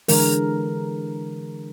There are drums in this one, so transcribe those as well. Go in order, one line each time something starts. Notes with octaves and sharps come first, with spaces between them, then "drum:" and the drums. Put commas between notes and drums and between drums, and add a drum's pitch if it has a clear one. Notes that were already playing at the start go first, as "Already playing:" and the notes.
D3 E3 G#3 A#4, drum: open hi-hat